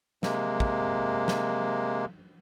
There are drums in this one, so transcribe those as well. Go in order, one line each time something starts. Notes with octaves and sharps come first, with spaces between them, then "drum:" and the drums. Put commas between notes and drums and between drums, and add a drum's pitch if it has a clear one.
C3 G#3 A#3, drum: snare
drum: kick
drum: snare